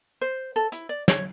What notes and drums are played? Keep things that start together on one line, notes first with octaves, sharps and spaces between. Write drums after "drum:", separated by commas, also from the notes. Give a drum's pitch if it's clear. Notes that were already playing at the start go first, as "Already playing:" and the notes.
C5
A4
E4, drum: hi-hat
D5
C#5, drum: snare